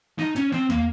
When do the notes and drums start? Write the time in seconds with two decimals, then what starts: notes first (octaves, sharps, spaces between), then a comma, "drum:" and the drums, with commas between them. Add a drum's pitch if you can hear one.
0.19 D#4, drum: snare
0.36 C#4, drum: hi-hat
0.52 C4, drum: snare
0.70 A#3, drum: tom E2